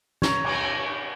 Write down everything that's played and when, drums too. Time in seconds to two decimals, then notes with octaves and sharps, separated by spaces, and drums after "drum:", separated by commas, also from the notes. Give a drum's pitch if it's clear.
0.22 C#5 A#5, drum: snare
0.44 drum: cymbal